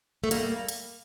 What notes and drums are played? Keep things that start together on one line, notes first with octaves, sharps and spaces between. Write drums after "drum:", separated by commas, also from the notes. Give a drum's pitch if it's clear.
A3
G3 A#3, drum: hi-hat
drum: hi-hat